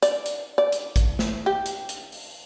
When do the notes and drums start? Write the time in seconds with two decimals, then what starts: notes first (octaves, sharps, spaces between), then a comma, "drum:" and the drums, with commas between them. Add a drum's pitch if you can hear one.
0.02 D5, drum: hi-hat
0.26 drum: hi-hat
0.58 D5
0.72 drum: hi-hat
0.96 drum: kick, hi-hat
1.19 drum: snare
1.46 G4
1.66 drum: hi-hat
1.89 drum: hi-hat
2.12 drum: open hi-hat